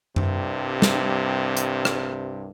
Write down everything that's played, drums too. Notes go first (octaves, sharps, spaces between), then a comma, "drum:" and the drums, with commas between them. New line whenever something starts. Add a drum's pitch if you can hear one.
C2 G2 C3, drum: tom F#2
drum: snare
drum: hi-hat
drum: rim click